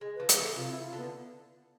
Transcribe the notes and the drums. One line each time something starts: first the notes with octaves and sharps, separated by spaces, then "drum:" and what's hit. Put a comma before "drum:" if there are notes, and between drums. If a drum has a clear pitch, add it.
G#3 G#4
B4
F3
G#4, drum: hi-hat
E3 A4
C3 F4
E4
F4
D3 B3